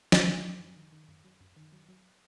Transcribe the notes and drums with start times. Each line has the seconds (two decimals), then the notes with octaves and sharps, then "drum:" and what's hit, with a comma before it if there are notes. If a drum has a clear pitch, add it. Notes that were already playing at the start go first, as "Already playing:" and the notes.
0.12 F#2, drum: snare
0.28 D#3
0.44 F#2
0.60 F#2
0.76 D#3
0.92 D#3
1.08 F#2
1.24 F#3
1.41 F#2
1.56 D#3
1.72 F#3
1.89 F#3